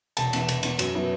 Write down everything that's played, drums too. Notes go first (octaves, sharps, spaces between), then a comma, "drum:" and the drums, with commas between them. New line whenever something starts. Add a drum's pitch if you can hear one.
E1 A5, drum: cymbal
E2 E3, drum: cymbal
E1, drum: cymbal
E2 E3, drum: cymbal
F#2, drum: cymbal
F#3 B3 E4